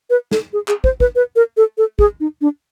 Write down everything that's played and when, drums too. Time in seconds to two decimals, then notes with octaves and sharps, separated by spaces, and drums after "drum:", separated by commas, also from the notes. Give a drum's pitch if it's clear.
0.10 B4
0.31 A4, drum: snare
0.53 G#4
0.68 G#4, drum: clap
0.84 C5, drum: kick
1.00 B4, drum: kick
1.16 B4
1.36 A#4
1.57 A4
1.78 A4
1.99 G#4, drum: kick
2.20 D#4
2.41 D4